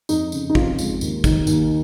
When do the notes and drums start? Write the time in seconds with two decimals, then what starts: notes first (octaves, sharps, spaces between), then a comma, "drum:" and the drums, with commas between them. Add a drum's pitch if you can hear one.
0.09 F2 D#4, drum: tambourine
0.32 C#3, drum: tambourine
0.50 D#4
0.55 F2 F4, drum: kick
0.78 G#3, drum: tambourine
1.01 D#2, drum: tambourine
1.24 D#3, drum: kick, tambourine
1.47 D#2, drum: tambourine